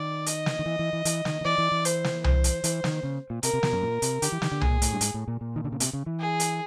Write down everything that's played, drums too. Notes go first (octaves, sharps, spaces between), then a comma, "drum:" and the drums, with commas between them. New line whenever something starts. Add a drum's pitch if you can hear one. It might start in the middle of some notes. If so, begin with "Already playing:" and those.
Already playing: D#3 D5
D#5, drum: hi-hat
drum: snare
D#3
E3
E3
E3
E3, drum: hi-hat
D#3, drum: snare
D#3
E3 D5
E3
E3
C5, drum: hi-hat
drum: snare
C5, drum: tom C2
drum: hi-hat
E3, drum: hi-hat
D#3, drum: snare
C#3
A#2
C3 A#4, drum: hi-hat
C3
B2, drum: snare
F#2
A#2
C3, drum: hi-hat
D3 G4, drum: hi-hat
E3
D#3, drum: snare
D3
A#2 G#4, drum: tom C2
A2, drum: hi-hat
G2
G#2, drum: hi-hat
A2
A#2
A#2
D#3
D3
C#3
C3, drum: hi-hat
C#3
E3
G#4
drum: hi-hat